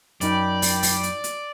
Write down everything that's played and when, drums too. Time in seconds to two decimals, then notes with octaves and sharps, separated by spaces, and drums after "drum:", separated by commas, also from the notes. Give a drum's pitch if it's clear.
0.21 F#2 D#4 A#4 D5 G5 B5, drum: hi-hat
0.62 drum: open hi-hat
0.83 drum: open hi-hat
1.03 drum: hi-hat
1.24 drum: hi-hat